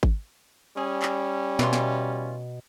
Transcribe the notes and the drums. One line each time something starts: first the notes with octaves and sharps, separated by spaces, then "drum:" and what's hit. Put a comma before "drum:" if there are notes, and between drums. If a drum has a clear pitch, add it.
drum: kick G#1
G3 C#4 G#4
drum: clap
B2 E3 F4, drum: snare
drum: snare